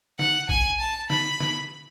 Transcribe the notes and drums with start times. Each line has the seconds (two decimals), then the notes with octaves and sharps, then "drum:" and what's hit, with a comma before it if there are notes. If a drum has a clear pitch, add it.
0.19 F#5, drum: snare
0.49 G#5, drum: kick A#1
0.80 A5
1.10 B5, drum: snare
1.40 drum: snare